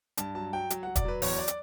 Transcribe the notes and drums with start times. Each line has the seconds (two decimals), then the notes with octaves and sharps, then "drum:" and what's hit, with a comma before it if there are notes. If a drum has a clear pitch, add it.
0.17 G2 A5, drum: hi-hat
0.35 F#3 A5
0.53 F#3 G5
0.70 F#3, drum: hi-hat
0.83 F#3 F#5
0.96 D5, drum: kick, hi-hat
1.05 F#3 B4
1.22 E2 C#5, drum: open hi-hat
1.38 D5
1.48 drum: hi-hat